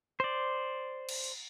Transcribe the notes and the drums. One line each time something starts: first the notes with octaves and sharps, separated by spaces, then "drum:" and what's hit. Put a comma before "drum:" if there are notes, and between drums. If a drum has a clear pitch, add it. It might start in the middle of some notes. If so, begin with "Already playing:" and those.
C5 D5
drum: cymbal
drum: open hi-hat